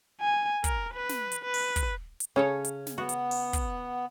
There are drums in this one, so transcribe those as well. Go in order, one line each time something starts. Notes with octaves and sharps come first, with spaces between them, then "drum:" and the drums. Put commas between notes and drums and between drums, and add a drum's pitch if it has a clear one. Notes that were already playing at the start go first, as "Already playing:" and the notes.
G#5
A#4, drum: kick, hi-hat
B4
drum: snare
drum: hi-hat
B4
drum: open hi-hat
drum: kick, hi-hat
drum: hi-hat
C#3 C#4 A4 C#5
drum: hi-hat
drum: snare
B3 F#4 F#5
drum: hi-hat
drum: open hi-hat
drum: kick, hi-hat